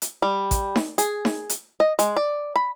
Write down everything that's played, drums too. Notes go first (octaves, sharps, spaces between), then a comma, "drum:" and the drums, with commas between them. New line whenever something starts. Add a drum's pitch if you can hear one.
drum: hi-hat
G3
drum: kick A1, hi-hat
drum: snare D#4
G#4, drum: hi-hat
drum: snare D#4
drum: hi-hat
D#5
G#3, drum: hi-hat
D5
B5